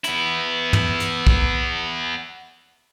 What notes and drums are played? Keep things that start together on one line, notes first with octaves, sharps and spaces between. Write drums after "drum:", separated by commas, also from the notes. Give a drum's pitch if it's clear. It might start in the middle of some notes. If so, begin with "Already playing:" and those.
B3 E4, drum: hi-hat
drum: tom
drum: hi-hat
drum: kick